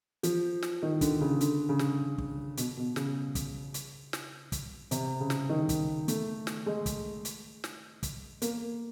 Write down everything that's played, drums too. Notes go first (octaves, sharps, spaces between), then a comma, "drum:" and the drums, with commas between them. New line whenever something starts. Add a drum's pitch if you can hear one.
F3, drum: hi-hat
drum: snare
D#3
D3, drum: kick, hi-hat
C#3
D3, drum: hi-hat
C#3
drum: snare
drum: kick
B2, drum: hi-hat
B2
C#3, drum: snare
drum: kick, hi-hat
drum: hi-hat
drum: snare
drum: kick, hi-hat
C3, drum: hi-hat
C#3
drum: snare
D#3
drum: kick, hi-hat
A3, drum: hi-hat
drum: snare
G#3
drum: kick, hi-hat
drum: hi-hat
drum: snare
drum: kick, hi-hat
A#3, drum: hi-hat